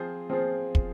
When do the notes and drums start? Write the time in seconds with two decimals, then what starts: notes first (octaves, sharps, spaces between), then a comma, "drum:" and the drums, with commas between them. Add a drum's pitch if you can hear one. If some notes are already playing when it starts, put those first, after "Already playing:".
Already playing: F3 C4 F4 G#4 C5
0.30 F3 C4 F4 G#4 C5
0.75 drum: kick